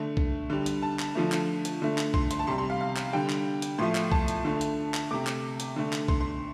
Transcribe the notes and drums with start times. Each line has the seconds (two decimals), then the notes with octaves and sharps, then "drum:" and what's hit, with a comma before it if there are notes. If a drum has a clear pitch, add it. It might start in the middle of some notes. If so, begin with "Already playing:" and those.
Already playing: D3 A3
0.17 drum: kick
0.50 D3 G3
0.66 drum: hi-hat
0.82 A5
0.99 drum: clap
1.15 D3 F3 A3
1.32 drum: clap
1.65 drum: hi-hat
1.82 D3 A3
1.98 drum: clap
2.14 C6, drum: kick
2.31 C6, drum: hi-hat
2.39 A5
2.47 C3 G3 C6
2.58 C6
2.70 F5
2.81 F5
2.97 drum: clap
3.13 D3 G3 G5
3.29 drum: clap
3.62 drum: hi-hat
3.78 A2 F3 A3 C6
3.95 drum: clap
4.12 A5, drum: kick
4.28 drum: hi-hat
4.45 D3 A3
4.61 drum: hi-hat
4.94 drum: clap
5.11 C3 A3 D6
5.27 drum: clap
5.60 drum: hi-hat
5.76 D3 A3
5.93 drum: clap
6.08 C6, drum: kick
6.20 C6